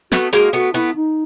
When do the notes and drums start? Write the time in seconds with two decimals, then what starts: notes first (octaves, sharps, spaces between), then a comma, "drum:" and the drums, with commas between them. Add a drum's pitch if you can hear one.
0.12 A3 B3 F#4, drum: snare
0.33 G#3 A#3 F#4, drum: hi-hat
0.53 A3 B3 F#4
0.74 A3 B3 E4
0.95 D#4